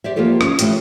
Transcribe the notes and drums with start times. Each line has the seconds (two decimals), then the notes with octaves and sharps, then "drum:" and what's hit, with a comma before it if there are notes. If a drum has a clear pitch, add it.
0.04 G4 C5 D5 E5
0.16 F3 A#3 B3 F4 G4 A4
0.41 C#4, drum: rim click
0.59 E3 A3 C#4 F4 G4, drum: hi-hat